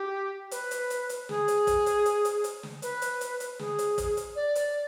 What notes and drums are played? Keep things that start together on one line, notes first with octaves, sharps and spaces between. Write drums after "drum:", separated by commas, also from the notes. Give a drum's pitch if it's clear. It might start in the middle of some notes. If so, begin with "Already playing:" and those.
Already playing: G4
B4, drum: hi-hat
drum: hi-hat
drum: hi-hat
drum: hi-hat
G#4, drum: snare
drum: hi-hat
drum: kick, hi-hat
drum: hi-hat
drum: hi-hat
drum: hi-hat
drum: hi-hat
drum: snare
B4, drum: hi-hat
drum: hi-hat
drum: hi-hat
drum: hi-hat
G#4, drum: snare
drum: hi-hat
drum: kick, hi-hat
drum: hi-hat
D5
drum: hi-hat